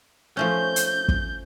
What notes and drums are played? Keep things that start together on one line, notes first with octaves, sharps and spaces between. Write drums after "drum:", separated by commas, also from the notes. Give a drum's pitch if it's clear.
F3 A3 C#4 G6
drum: hi-hat
drum: kick